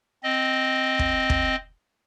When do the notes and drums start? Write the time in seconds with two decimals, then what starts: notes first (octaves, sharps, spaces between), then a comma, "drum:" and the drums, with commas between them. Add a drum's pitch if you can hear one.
0.23 C4 D#5
0.99 drum: kick
1.30 drum: kick